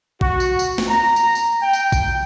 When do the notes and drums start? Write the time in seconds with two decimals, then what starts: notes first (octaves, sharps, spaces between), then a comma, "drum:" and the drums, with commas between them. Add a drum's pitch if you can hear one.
0.21 F#4, drum: kick A1
0.40 drum: tambourine
0.59 drum: tambourine
0.78 drum: snare
0.89 A#5
1.16 drum: tambourine
1.35 drum: tambourine
1.62 G5
1.73 drum: tambourine
1.92 drum: kick A1, tambourine